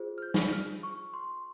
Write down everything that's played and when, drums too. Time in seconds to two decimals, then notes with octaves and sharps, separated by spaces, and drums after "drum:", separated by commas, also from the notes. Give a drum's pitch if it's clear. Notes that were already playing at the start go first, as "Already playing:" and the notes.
Already playing: F4 G#4 C5
0.18 F6
0.22 G6
0.34 drum: snare
0.53 F6
0.83 C#6
1.14 C6